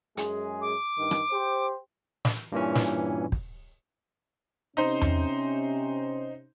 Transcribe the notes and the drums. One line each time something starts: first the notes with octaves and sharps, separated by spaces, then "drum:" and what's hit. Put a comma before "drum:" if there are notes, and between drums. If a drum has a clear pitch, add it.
F#2 G#3 G#4, drum: hi-hat
D6
G2 D#3
drum: rim click
G4 C5
drum: snare
G2 A#2 E3 C#4
drum: snare
drum: kick
C3 C#4 D#4 C5
drum: tom E2